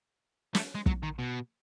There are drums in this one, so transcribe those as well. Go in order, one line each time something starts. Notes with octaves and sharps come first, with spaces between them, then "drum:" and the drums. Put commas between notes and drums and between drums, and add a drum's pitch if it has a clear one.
A3, drum: snare
G#3
F#3, drum: kick
D#3
B2